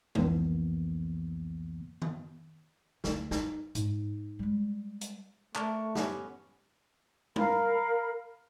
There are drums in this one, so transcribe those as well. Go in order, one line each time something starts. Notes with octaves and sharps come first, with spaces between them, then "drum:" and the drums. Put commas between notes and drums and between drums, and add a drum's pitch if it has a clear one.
C2 F2 E3 A#3 B3, drum: tom G3
drum: tom D#3
D2 D3, drum: snare
D#4, drum: snare
G#2, drum: hi-hat
G3 G#3
drum: hi-hat
A3 D4 A#4 C#6, drum: clap
B3 C#4 G4, drum: snare
A#4 F5 B5, drum: tom G3